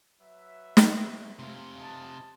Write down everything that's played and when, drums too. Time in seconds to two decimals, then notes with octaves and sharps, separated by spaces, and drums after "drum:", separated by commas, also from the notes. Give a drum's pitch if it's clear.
0.21 F#3 B4 E5
0.77 drum: snare
1.39 C3 F4
1.79 D#5 A5